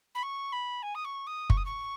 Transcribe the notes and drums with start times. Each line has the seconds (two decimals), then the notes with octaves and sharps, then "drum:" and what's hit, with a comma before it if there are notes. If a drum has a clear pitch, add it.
0.15 B5
0.23 C#6
0.52 B5
0.83 G#5
0.95 D#6
1.05 C#6
1.27 D#6
1.50 C#6, drum: kick
1.57 D#6
1.65 C#6